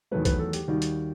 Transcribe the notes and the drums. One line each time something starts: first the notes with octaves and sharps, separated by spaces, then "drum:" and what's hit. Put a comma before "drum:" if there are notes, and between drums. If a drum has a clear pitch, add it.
E2 D#3 F#3 A3 B4
B4, drum: kick B1, hi-hat
A4
G4, drum: hi-hat
D#2 D#3 G3 F#4
drum: hi-hat